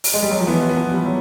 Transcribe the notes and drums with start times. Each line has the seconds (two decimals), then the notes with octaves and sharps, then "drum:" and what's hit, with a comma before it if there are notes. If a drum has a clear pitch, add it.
0.04 drum: open hi-hat
0.14 G#3
0.22 G3
0.31 F#3
0.40 F3
0.47 E3 B3
0.69 B3
0.77 F3
0.91 G3
1.05 F#3